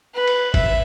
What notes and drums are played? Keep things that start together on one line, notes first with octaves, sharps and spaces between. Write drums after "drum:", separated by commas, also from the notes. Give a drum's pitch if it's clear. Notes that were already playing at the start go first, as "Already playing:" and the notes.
B4
drum: cymbal
E5, drum: kick F#1, cymbal